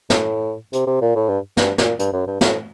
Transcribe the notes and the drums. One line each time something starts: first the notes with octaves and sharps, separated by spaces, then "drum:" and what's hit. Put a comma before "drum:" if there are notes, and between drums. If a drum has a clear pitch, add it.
A2, drum: snare
C3, drum: hi-hat
C3
A#2
A2
G2
G2, drum: snare
A#2, drum: snare
G2, drum: hi-hat
F#2
G2
A2, drum: snare